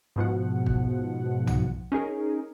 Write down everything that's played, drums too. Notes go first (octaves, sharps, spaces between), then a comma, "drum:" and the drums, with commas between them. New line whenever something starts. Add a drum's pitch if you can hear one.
G#2 B2 F3 F#5
drum: kick
drum: tom B1
C#4 D#4 G#4 A#4